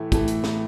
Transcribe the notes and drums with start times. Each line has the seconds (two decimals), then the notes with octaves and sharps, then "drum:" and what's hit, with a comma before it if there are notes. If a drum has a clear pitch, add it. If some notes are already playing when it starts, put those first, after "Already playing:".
Already playing: A2 E3 A3
0.12 A2 E3 A3, drum: kick, hi-hat
0.27 drum: hi-hat
0.44 drum: snare